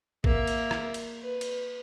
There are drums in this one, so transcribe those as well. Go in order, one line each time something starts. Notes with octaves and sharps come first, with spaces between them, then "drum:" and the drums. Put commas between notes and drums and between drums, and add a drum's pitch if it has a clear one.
A#3 E5, drum: kick
drum: cymbal
drum: rim click
drum: cymbal
B4
drum: cymbal